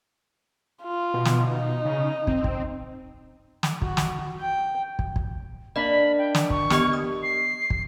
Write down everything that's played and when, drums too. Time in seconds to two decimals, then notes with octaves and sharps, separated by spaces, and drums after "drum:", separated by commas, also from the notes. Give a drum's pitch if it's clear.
0.83 F4
1.14 B2
1.25 drum: snare
1.48 D#4
1.85 C#3
2.27 C4, drum: kick
2.44 drum: kick
3.63 drum: snare
3.82 F#4, drum: kick
3.97 drum: snare
4.40 G5
4.99 drum: kick
5.16 drum: kick
5.76 A#3 D4 D#5 B5
6.18 G5
6.35 drum: snare
6.50 C#6, drum: kick
6.70 B3 G4 D#5, drum: snare
6.93 D#6
7.23 C7
7.70 drum: kick